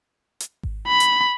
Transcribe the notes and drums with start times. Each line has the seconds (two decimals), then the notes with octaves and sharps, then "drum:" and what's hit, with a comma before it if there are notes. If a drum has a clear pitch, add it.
0.40 drum: hi-hat
0.63 drum: kick G#1
0.88 B5
1.00 drum: hi-hat